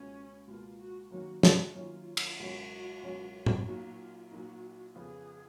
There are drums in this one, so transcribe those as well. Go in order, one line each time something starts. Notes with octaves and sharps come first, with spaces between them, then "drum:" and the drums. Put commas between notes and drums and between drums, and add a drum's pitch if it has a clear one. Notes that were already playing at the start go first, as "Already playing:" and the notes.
Already playing: C#2 B2 A#3 C#4
C#2 B2 A#3 F4
F#4
F#2 D#3 F#3 A#3 C#4 F#4
F#4, drum: snare
F#2 D#3 F#3 A#3 C#4 F4
drum: cymbal
C#2 B2 F#3 C#4 F#4
C#2 B2 F#3 C#4
drum: tom A2
A#2 F#3 A#3 D#4 F#4
F4
A#2 F#3 A#3 D#4 F#4
F2 C#3 F3 B3 F4 G#4